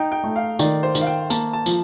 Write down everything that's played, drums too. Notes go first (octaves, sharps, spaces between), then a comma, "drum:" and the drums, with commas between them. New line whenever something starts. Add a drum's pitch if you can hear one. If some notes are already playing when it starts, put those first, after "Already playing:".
Already playing: D#4 G5
G5
A3
F5
D#3 D5, drum: tambourine
C5
D#3, drum: tambourine
F5
G5
A#3 A5, drum: tambourine
A5
F3, drum: tambourine